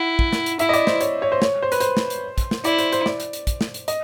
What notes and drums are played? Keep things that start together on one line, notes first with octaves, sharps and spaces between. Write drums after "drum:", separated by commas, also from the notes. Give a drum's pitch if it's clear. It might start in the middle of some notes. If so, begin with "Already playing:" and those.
Already playing: E4 F#5
drum: kick
drum: snare
drum: hi-hat
E4 E5, drum: hi-hat
D#5
D5, drum: hi-hat
C5, drum: snare
C#5, drum: hi-hat
C#5
C5
C#5, drum: snare
C5
B4, drum: hi-hat
C5, drum: hi-hat
drum: snare
drum: hi-hat
drum: kick, hi-hat
drum: snare
E4 D5, drum: hi-hat
C5, drum: hi-hat
C5, drum: hi-hat
D5, drum: snare
drum: hi-hat
drum: hi-hat
drum: kick, hi-hat
drum: snare
drum: hi-hat
D#5, drum: hi-hat